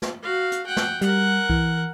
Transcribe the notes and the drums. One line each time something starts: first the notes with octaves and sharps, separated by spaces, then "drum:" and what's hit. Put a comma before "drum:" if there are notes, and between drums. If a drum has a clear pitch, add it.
drum: snare
F#4 F5
drum: hi-hat
F#5 G5
drum: snare
G3 A#4 F#5, drum: hi-hat
E3, drum: kick C2